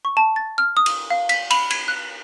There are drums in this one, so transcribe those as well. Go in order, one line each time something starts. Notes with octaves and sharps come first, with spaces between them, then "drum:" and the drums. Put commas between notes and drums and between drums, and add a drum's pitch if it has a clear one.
C#6
A5
A6
F6
D#6
drum: cymbal
F5
B6, drum: cymbal
B5, drum: cymbal
G#6, drum: cymbal
F#6